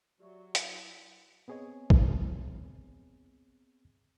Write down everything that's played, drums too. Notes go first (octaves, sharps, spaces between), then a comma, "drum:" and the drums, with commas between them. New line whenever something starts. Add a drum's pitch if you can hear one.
F#3 G4 D5 E5 C#6
E4 G6 G#6 F#7, drum: hi-hat
B3 C4 G#4 C#5 D#5 G#5
drum: kick